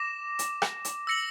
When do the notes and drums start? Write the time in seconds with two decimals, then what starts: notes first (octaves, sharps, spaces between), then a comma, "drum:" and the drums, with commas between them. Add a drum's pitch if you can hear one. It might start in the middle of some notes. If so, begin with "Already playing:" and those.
Already playing: D6 A#6 E7
0.39 drum: hi-hat
0.62 drum: rim click
0.85 drum: hi-hat
1.07 E6 A#6 C#7 F#7